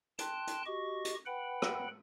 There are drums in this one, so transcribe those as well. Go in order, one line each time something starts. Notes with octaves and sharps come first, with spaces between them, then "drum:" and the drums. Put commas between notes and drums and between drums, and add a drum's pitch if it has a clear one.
G5 A5 C6 F#6, drum: hi-hat
drum: hi-hat
F#4 G4 D#5 C#6
drum: hi-hat
B4 F#5 G5 B5
drum: rim click